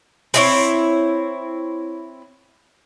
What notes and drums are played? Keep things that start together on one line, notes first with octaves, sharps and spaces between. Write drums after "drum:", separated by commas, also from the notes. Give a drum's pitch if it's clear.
C4 E4 C#5, drum: open hi-hat